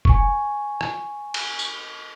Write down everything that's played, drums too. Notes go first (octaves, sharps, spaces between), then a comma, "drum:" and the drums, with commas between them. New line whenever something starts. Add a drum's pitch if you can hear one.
G#5 C#6, drum: kick F1
drum: rim click
drum: cymbal
drum: tambourine